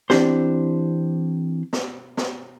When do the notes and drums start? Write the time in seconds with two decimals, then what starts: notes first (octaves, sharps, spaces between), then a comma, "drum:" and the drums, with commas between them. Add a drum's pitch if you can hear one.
0.10 E3 C4 D4 G4 C5, drum: snare
1.73 drum: snare
2.17 drum: snare